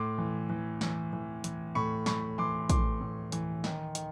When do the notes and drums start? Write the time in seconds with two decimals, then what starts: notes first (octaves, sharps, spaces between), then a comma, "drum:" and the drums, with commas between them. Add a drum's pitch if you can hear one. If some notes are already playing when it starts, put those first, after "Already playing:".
Already playing: A2 C6 D6
0.18 E3
0.49 E3
0.81 E3, drum: snare
1.13 E3
1.44 E3, drum: hi-hat
1.75 A2 B5 C#6
2.06 A2 B5 C#6, drum: snare
2.38 E3 C6 D6
2.70 A2 C6 D6, drum: kick, hi-hat
3.01 A2
3.32 E3, drum: hi-hat
3.64 D#3, drum: snare
3.95 D#3, drum: hi-hat